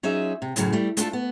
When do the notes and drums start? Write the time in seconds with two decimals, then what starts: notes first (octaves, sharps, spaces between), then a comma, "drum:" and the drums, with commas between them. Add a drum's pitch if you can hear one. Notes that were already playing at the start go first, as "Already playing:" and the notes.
0.03 F#3 C#4 D#4 F4 G#4 E5
0.42 C3
0.56 F#2 A2 C#3 F3 F#3, drum: hi-hat
0.73 G3 A3
0.97 A3 D4 F4 A4, drum: hi-hat
1.13 B3